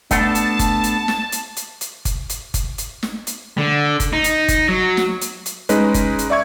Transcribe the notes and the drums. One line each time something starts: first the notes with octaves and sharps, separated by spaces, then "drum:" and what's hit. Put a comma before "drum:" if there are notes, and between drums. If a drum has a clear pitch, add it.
A3 B3 D4 A5, drum: kick, hi-hat
drum: hi-hat
drum: kick, hi-hat
drum: hi-hat
drum: snare
drum: hi-hat
drum: hi-hat
drum: hi-hat
drum: kick, hi-hat
drum: hi-hat
drum: kick, hi-hat
drum: hi-hat
drum: snare
drum: hi-hat
D3
drum: kick, hi-hat
D#4
drum: hi-hat
drum: kick, hi-hat
F#3
drum: snare
drum: hi-hat
drum: hi-hat
G#3 C#4 D#4 B4, drum: hi-hat
drum: kick, hi-hat
drum: hi-hat
D5 E5 C#6 G#6